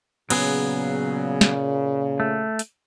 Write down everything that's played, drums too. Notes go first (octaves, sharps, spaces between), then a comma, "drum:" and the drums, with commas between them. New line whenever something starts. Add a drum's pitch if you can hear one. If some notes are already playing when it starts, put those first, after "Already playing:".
A#2 C#3 F#3 B3 G#4, drum: cymbal
drum: snare
A3
drum: hi-hat